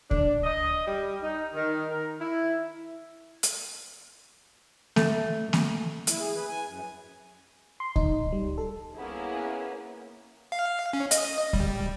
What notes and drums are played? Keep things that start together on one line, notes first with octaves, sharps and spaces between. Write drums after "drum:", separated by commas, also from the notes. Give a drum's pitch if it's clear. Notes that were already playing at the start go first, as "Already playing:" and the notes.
D4, drum: kick C#2
D#5
G3
D#4
D#3
A#4
E4
drum: hi-hat
A3, drum: snare A#3
drum: snare A#3
E4, drum: hi-hat
G#4
B4
G#5
F#2
C6
D#4, drum: kick C#2
G3
A4
A#3 B3 C#4 E4 G#4
F5
C#4
D#5, drum: hi-hat
G3, drum: kick C#2